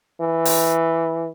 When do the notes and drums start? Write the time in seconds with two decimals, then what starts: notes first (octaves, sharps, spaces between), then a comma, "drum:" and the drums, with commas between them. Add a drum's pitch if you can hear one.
0.21 E3
0.45 drum: open hi-hat